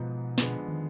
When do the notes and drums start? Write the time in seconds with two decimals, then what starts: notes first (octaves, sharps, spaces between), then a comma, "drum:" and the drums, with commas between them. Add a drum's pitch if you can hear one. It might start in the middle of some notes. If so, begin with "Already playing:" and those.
Already playing: G#2 B2 F3 B3 D#4
0.38 F2 D3 G#3 B3, drum: snare
0.68 D#3